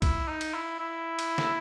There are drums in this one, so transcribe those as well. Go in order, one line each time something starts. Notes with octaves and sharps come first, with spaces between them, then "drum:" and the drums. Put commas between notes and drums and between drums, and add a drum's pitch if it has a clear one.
E4, drum: kick, cymbal
D#4
drum: cymbal
E4
E4
drum: cymbal
drum: snare